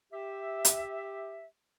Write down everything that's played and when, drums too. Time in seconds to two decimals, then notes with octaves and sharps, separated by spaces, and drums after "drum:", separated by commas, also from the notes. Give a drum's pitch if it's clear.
0.13 G4 E5
0.65 drum: hi-hat